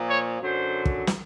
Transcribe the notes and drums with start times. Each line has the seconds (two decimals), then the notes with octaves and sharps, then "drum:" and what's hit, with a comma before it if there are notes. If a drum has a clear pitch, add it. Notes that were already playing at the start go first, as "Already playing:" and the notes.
Already playing: A#2 F3
0.09 C#5
0.41 F#2 D3 F#3 C5
0.85 drum: kick
1.07 drum: snare